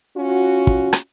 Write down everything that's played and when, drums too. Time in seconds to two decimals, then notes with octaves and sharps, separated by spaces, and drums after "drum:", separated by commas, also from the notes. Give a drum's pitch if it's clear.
0.16 C#4 F4 F#4
0.67 drum: kick
0.93 drum: rim click